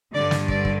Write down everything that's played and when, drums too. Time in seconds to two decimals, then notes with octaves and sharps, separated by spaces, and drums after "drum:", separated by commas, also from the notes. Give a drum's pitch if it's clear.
0.14 G2 D3 D5
0.31 drum: snare
0.48 D5, drum: kick
0.65 drum: kick